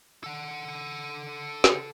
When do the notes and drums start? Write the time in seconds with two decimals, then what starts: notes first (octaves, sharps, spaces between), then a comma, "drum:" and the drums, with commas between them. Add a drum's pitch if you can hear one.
0.24 A4 F#5
1.64 drum: snare